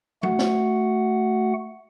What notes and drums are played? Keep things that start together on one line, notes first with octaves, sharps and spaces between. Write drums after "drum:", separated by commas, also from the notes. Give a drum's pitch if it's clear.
A3 F#4 F#5, drum: tom
drum: snare